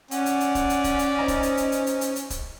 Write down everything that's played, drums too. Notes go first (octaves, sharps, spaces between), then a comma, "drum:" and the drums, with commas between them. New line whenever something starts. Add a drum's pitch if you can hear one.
C#4 D5 F#5, drum: hi-hat
drum: hi-hat
drum: hi-hat
drum: kick, hi-hat
drum: hi-hat
drum: kick, hi-hat
drum: hi-hat
D#4 C5 D#5 A#5
drum: kick, hi-hat
drum: hi-hat
drum: hi-hat
drum: hi-hat
drum: hi-hat
drum: hi-hat
drum: hi-hat
drum: kick, hi-hat